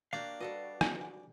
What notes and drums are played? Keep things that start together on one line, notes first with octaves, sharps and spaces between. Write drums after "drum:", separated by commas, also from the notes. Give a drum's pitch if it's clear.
A#3 D4 F#4 G4 D5 F5
G3 F#4 A4 B4 D#5
drum: rim click